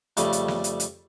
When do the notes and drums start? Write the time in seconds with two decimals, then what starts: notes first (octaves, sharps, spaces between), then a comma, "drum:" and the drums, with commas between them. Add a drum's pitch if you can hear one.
0.17 F2 C#3 G3 A3, drum: hi-hat
0.33 drum: hi-hat
0.48 drum: snare
0.64 drum: hi-hat
0.80 drum: hi-hat